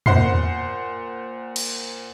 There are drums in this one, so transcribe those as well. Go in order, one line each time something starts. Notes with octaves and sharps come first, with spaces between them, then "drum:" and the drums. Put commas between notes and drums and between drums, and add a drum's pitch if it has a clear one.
A#2 C5 F#5 C6 C7, drum: tom
drum: cymbal